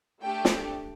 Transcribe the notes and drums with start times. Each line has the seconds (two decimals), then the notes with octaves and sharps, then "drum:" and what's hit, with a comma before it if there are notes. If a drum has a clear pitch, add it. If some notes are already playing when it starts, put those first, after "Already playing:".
0.22 A3 D4 G4 G5
0.45 drum: snare